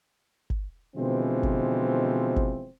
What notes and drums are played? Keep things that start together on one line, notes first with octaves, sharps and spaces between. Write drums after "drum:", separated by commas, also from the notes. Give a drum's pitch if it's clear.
drum: kick G1
B2 D3 E3 F3 G#3 C4
drum: kick G1
drum: kick G1